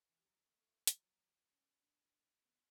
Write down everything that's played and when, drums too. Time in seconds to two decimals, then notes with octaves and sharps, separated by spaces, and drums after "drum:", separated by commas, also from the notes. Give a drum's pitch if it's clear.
0.09 E3
0.19 G3
0.25 F#3
0.46 A3
0.57 A3
0.87 F#3, drum: hi-hat
1.50 C#4
1.81 D4
2.45 B3